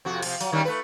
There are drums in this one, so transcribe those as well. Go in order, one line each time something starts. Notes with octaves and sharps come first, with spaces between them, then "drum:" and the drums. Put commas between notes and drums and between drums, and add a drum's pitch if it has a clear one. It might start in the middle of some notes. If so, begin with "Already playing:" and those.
F2 C3 F#4
C3 F3, drum: cymbal
F#3, drum: open hi-hat
D#3 G3 C#4
A3 B4